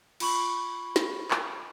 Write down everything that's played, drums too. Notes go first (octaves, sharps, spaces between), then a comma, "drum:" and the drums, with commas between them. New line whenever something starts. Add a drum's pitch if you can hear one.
F4 B5 C#6 F#7, drum: cymbal
drum: snare
drum: clap